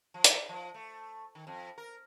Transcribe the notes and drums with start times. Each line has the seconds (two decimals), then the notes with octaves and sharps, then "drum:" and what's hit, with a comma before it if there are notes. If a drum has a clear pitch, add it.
0.14 F3
0.24 drum: hi-hat
0.49 F3
0.74 A3
1.35 D#3
1.47 F2
1.78 A#4